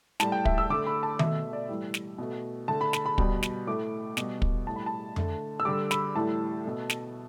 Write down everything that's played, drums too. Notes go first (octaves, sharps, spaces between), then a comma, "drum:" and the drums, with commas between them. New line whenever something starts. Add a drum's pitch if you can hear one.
A2 G3 A5, drum: snare
G5
E5, drum: kick
E6
D3 A3 D6
B5
A5
B2 A3 E5, drum: tom D#3
D5
A2 E3 G3
drum: snare
B2 A3
D3 A3 A5
B5
B5, drum: snare
B5
B2 G3, drum: kick
drum: snare
A2 A3 D6
B2 G3, drum: snare
drum: kick
A2 G3 A5
B5
A5
D3 A3, drum: tom F2
E6
D3 G3 D6
B5, drum: snare
A2 E3 G3 A5
B2 A3
drum: snare